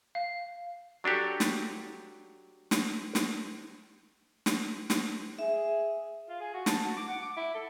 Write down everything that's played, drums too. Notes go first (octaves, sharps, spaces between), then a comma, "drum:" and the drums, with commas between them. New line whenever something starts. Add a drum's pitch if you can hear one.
F5
F#3 D4 F#4 G4 A4
drum: snare
drum: snare
drum: snare
drum: snare
drum: snare
G#4 E5
F4
G#4
F#4
A5, drum: snare
F#4
D6
F#5
D6
E4
A4